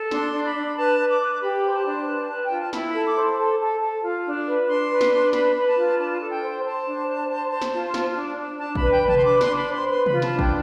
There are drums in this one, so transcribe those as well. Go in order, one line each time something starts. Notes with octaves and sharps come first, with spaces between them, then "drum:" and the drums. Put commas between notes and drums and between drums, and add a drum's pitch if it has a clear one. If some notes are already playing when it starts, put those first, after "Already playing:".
Already playing: A4
D4 C6, drum: snare
D4
B5
D4
B4 A5
B4
D6
B4
G4 B5
C5
A5
D4
B4
B4
G5
F4
A5
E4 B5, drum: snare
B5
A4
D6
C5
A4
A4
A4
F4
D4
B4
D4 C6
B4
drum: snare
D4
B4 B5, drum: snare
B4
A5
F4
D4 A5
A4
G5
C5
C5 A5
D4
C5
C5
C5
drum: snare
F4
F4, drum: snare
D4
D4
D4 A5
B5, drum: kick
B4
G5
B4
A5, drum: tom C3
C6
D4 D6
C6, drum: snare
D4
B5
C5
C6
B4 C6
B5, drum: tom C3
F4
A5, drum: snare
D4
G5, drum: kick